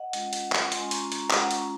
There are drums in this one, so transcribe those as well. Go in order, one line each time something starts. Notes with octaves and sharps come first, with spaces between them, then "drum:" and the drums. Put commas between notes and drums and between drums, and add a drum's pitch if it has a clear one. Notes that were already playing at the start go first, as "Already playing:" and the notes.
Already playing: D#5 F#5
G#3 C#4 F4, drum: hi-hat
drum: hi-hat
drum: clap
G#3 C#4 F4 G#5 C6, drum: hi-hat
C6
A#5 C#6, drum: hi-hat
A#5 C#6, drum: hi-hat
G#3 C#4 F4 F#5 A#5, drum: clap
A#5 C#6, drum: hi-hat